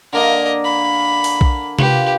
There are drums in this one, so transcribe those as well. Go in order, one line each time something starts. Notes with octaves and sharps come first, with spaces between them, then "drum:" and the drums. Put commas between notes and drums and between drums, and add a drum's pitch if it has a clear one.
D3 A#3 A#4 D#5
B5
drum: open hi-hat
drum: kick B1
F4 G4 B4, drum: tom C3